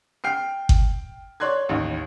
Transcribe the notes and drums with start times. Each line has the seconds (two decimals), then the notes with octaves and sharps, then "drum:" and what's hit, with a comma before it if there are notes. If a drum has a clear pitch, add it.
0.24 G5 F6 C7
0.69 drum: kick G1
1.40 C#5 D5 C6 F#6 G#6
1.69 A1 D#2